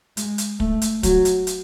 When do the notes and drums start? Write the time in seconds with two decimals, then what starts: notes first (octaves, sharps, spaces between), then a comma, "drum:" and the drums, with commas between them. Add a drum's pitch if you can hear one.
0.17 G#3, drum: hi-hat
0.38 drum: hi-hat
0.60 A3, drum: kick
0.82 drum: hi-hat
1.03 F#3, drum: kick, hi-hat
1.25 drum: hi-hat
1.47 drum: hi-hat